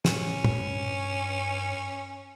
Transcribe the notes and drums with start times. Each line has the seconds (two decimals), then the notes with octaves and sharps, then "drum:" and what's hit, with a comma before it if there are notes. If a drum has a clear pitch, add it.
0.05 A2 C#4, drum: snare
0.44 G2, drum: tom